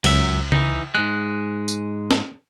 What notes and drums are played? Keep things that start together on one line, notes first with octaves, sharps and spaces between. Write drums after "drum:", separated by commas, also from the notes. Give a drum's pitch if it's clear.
C#2 F#2 F#3 E5, drum: cymbal
E3 D#4, drum: tom C#3
G#2 G#3 F#6
drum: tambourine
drum: snare